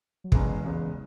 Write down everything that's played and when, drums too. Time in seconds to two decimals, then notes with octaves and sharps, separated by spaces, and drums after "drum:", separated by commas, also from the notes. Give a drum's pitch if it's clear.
0.24 F#3
0.32 F#1 E2 C#3 E3 G#3 B3, drum: kick
0.64 F#1 E2 C#3 G#3 B3